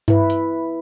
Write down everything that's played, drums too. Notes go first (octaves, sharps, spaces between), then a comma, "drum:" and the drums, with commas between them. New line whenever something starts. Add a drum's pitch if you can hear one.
E4 B4, drum: tom G2
drum: hi-hat